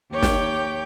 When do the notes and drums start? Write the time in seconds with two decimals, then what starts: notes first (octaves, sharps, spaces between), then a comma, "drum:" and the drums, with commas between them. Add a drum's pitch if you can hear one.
0.12 D#2 G4 C#5 G5 D6 G6
0.23 drum: snare